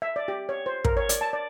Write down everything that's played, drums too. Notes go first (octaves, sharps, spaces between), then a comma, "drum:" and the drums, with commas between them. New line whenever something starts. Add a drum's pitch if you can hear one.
E5
D5
G4
C#5
C5
A#4, drum: kick
C#5
D5, drum: hi-hat
A5
D5